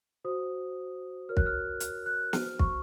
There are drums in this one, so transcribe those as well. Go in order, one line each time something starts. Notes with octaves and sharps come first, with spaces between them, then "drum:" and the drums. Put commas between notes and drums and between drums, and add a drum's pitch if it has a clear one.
F#4 C5 D#6
F#4 A#4 C#5 F6
F#6, drum: kick
F6
F6, drum: hi-hat
F#6
F#4 C5 F6, drum: snare
F6
C#6, drum: kick